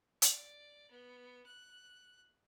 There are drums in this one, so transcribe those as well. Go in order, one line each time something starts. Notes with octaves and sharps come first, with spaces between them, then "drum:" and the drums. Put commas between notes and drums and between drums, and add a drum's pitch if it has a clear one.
D5, drum: hi-hat
B3
F#6